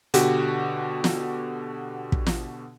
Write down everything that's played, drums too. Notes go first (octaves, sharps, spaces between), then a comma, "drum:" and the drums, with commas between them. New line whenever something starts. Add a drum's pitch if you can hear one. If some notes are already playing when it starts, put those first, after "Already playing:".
B2 D3 F#4 G4, drum: hi-hat
drum: snare
drum: kick
drum: snare